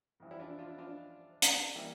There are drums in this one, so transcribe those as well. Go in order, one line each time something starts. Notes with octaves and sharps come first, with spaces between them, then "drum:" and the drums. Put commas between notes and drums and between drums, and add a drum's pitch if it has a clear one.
F2 E3 G3
E4
D4 F4
D4 F4
D4 F4
drum: hi-hat
E3 G3 A#3